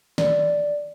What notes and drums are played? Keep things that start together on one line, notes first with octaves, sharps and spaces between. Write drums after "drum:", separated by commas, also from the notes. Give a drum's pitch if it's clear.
D5, drum: snare